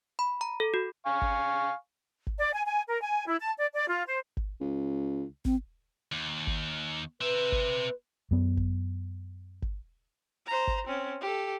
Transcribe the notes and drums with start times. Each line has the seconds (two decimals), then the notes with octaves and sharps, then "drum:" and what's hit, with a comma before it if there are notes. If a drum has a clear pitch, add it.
0.19 B5
0.41 A#5
0.60 A4
0.74 F#4
1.06 F5 G#5 C#6
1.22 drum: kick G#1
2.27 drum: kick G#1
2.38 D5
2.53 G#5
2.65 G#5
2.87 A#4
3.02 G#5
3.27 E4
3.39 A5
3.57 D5
3.73 D5
3.87 F4
4.07 C5
4.37 drum: kick G#1
4.61 C#2
5.45 C4, drum: kick G#1
6.12 D#2
6.47 drum: kick G#1
7.21 C4 B4 E5
7.52 drum: kick G#1
8.31 F#2 B3
8.57 drum: kick G#1
9.62 drum: kick G#1
10.47 C5 A#5
10.67 drum: kick G#1
10.87 C4 C#4
11.21 G4 A4